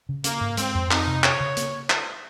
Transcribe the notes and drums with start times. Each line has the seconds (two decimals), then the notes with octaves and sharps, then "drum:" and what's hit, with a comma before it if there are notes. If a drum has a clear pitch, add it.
0.09 C#3
0.24 A#3 C#4, drum: hi-hat
0.41 G#2
0.57 G#3 C4, drum: hi-hat
0.75 F2
0.91 C4 D#4, drum: clap
1.07 C3
1.24 C#4 C#5, drum: clap
1.40 C#3
1.57 A#3, drum: hi-hat
1.90 drum: clap